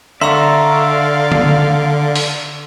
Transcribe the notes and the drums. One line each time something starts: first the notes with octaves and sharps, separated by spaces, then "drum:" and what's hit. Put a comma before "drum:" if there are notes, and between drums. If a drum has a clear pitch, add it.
D3 D5 E5 F5 A#5 C6 C#6 E6
drum: tom D3
drum: open hi-hat